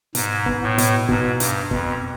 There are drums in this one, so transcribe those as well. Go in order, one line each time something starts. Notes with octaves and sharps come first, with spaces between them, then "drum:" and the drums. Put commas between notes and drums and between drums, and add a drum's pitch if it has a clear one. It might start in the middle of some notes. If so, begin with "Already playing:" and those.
G#2 B2, drum: hi-hat
B3, drum: kick
A2
B2, drum: hi-hat
G#2 B2, drum: kick
G2 B2, drum: hi-hat
F2 B2, drum: kick